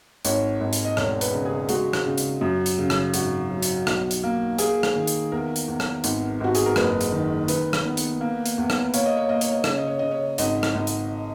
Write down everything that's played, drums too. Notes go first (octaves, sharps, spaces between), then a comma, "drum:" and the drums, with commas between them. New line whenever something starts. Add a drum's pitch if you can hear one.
G#1 C#5, drum: hi-hat
G#1
drum: hi-hat
D#5
E1 C#5, drum: rim click
B4, drum: hi-hat
C#3
G#4
G#3 F#4, drum: hi-hat
drum: rim click
C#3
drum: hi-hat
F#2
drum: hi-hat
C#3
drum: rim click
G#1 F#4, drum: hi-hat
F#3
drum: hi-hat
B1, drum: rim click
drum: hi-hat
A#3
A#3 G#4, drum: hi-hat
drum: rim click
D#3
drum: hi-hat
E2 A#4
drum: hi-hat
E2
drum: rim click
G#1, drum: hi-hat
G#1 F#4
G#4, drum: hi-hat
A#4
F#1 B4, drum: rim click
drum: hi-hat
D#3
D#3 B4, drum: hi-hat
drum: rim click
B3
drum: hi-hat
A#3
drum: hi-hat
E2
drum: rim click
A#3 C#5, drum: hi-hat
D#5
C#5
A#3 D#5
C#5, drum: hi-hat
D#5
C#3 C#5, drum: rim click
D#5
C#5
C#3 D#5
C#5
G#1 D#5, drum: hi-hat
drum: rim click
G#1
drum: hi-hat